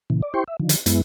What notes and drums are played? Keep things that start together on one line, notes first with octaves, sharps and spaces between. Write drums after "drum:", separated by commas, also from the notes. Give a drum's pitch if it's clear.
A#2 C#3 E3
D5
E4 G4 C5 G5 C6 C#6
E5
D3 D#3 F3
drum: hi-hat
F#2 G#3 B3 E4, drum: hi-hat